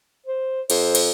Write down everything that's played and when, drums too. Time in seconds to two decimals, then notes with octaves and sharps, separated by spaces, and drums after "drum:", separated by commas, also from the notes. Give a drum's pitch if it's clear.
0.26 C5
0.70 F2 C5, drum: cymbal
0.95 drum: cymbal